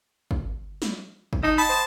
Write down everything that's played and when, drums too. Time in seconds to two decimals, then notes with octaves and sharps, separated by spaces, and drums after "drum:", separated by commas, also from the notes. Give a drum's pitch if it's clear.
0.31 drum: kick
0.82 drum: snare
1.33 drum: kick
1.43 D#4 D#5 A5
1.58 D#5 F#5 A5 B5 D#6
1.69 C5